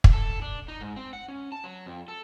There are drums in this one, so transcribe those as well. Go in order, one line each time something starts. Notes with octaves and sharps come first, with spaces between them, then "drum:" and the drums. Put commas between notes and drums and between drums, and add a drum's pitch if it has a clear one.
drum: kick
A4
D4
D#4
G#2
C4
F#5
C#4
A5
F#3
F2
A4